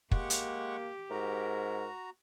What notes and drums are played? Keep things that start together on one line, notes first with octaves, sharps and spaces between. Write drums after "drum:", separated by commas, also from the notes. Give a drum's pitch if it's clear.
G#3 A#3 G4 F#5 C#6, drum: kick
drum: hi-hat
G#2 F#4 A#4 A#5